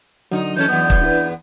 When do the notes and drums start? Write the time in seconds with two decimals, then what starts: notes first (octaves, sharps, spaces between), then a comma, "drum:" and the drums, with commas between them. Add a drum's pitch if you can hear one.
0.31 D3 F#3 D#4
0.57 E3 C#4 A4 G6
0.68 E2 B3
0.90 drum: kick
1.01 D4 E4 B4